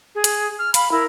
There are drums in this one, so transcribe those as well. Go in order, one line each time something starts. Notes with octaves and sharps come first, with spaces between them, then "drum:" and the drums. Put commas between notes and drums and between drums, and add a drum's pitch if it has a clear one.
G#4
drum: hi-hat
F6
F5 B5, drum: hi-hat
E4 A#4